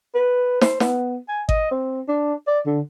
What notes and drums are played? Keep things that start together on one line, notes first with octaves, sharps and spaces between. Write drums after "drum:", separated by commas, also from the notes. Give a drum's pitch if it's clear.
B4
C5, drum: snare
B3, drum: snare
G#5
D#5, drum: kick G#1
C4
D4
D5
D3